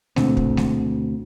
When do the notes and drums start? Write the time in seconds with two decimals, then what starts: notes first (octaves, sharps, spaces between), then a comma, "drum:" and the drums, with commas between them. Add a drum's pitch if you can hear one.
0.16 D2 B2 D3 C4, drum: snare G#3
0.37 drum: kick
0.57 drum: snare G#3